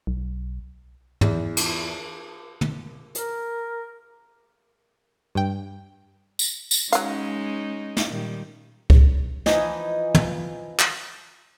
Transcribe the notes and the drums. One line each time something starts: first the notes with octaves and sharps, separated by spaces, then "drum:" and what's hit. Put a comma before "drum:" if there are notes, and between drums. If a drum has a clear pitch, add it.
B1
E2, drum: tom
drum: cymbal
drum: tom
A#4, drum: hi-hat
G2 G5
drum: tambourine
drum: tambourine
F#3 G#3 C#4 D#4 F5, drum: hi-hat
drum: snare
A#2 D#3 G3
drum: kick C#2
E3 F3 D#4 D#5, drum: snare
drum: tom
drum: clap